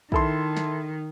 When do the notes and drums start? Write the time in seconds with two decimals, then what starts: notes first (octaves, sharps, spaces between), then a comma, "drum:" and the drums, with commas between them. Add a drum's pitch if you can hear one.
0.12 D#3 E4 A4 C6, drum: kick A#1
0.57 drum: snare